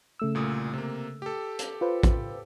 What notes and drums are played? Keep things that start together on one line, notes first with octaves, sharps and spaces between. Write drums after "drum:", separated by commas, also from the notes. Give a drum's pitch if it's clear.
C#3 A3 E6
C2 A#2 D#6
C3 A#3
G4 A4
drum: hi-hat
F4 B4 C5
drum: kick, hi-hat